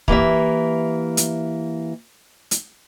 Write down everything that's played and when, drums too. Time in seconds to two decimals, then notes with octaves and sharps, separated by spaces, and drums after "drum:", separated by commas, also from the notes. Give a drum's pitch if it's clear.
0.08 E3 A#3 G4 E5, drum: kick
1.17 drum: hi-hat
2.51 drum: hi-hat